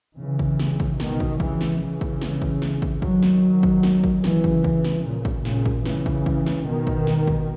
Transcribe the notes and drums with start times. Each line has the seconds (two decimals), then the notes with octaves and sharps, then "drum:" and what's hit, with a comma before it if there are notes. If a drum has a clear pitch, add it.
0.19 C#3 E3
0.39 drum: kick
0.60 drum: snare
0.80 drum: kick
1.00 B2 D#3, drum: snare
1.20 drum: kick
1.40 C#3 E3, drum: kick
1.61 drum: snare
1.80 C#3 E3
2.01 drum: kick
2.21 drum: snare
2.42 drum: kick
2.62 drum: snare
2.82 drum: kick
3.02 D#3 F#3, drum: kick
3.23 drum: snare
3.63 drum: kick
3.83 drum: snare
4.04 drum: kick
4.24 C#3 E3, drum: snare
4.44 drum: kick
4.64 drum: kick
4.85 drum: snare
5.04 A#2 C#3
5.25 drum: kick
5.45 A#2 C#3, drum: snare
5.65 drum: kick
5.86 C#3 E3, drum: snare
6.06 drum: kick
6.26 drum: kick
6.46 drum: snare
6.67 B2 D#3
6.87 drum: kick
7.07 drum: snare
7.27 drum: kick